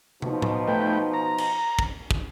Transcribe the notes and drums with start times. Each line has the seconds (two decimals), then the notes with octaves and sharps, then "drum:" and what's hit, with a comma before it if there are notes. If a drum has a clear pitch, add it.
0.22 B2 F3 D#4, drum: tom
0.42 drum: tom A2
0.68 A3 B4 G5
1.14 A#5
1.38 drum: cymbal
1.79 drum: kick
2.11 drum: kick